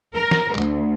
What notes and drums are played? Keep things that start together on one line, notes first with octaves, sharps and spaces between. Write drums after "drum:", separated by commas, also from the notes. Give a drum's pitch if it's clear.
A#4
drum: snare
D2, drum: clap